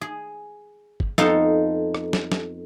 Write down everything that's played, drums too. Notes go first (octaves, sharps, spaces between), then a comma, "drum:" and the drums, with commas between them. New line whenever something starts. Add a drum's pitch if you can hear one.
G#4
drum: kick
F2 B3 D#4 A4 F5 A5, drum: snare
drum: rim click
drum: snare
drum: snare